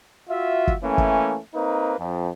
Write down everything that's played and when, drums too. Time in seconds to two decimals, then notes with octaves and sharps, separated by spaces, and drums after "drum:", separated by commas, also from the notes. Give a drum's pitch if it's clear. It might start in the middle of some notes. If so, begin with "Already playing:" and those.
0.29 F4 F#4 E5
0.67 drum: kick
0.83 E3 A3 A#3 C#4
0.98 drum: kick
1.54 A#3 C4 D#4 B4
1.97 F2